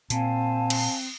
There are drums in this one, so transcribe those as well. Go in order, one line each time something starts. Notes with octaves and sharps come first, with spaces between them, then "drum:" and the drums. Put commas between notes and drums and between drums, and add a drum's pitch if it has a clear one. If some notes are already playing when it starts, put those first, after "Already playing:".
A#2 C4 F5 G#5 A5, drum: hi-hat
drum: cymbal